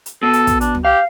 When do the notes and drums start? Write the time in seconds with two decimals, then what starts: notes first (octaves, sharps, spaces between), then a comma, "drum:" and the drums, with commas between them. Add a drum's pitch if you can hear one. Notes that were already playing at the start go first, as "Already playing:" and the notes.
0.06 drum: hi-hat
0.23 B2 A4
0.33 drum: hi-hat
0.47 drum: kick, hi-hat
0.61 D4, drum: hi-hat
0.75 drum: tom
0.85 G4 F5